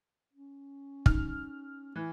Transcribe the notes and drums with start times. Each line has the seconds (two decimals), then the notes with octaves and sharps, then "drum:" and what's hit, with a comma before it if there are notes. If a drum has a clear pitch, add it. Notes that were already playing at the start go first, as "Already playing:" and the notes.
0.33 C#4
1.06 D#4 F6, drum: kick
1.96 E3 E4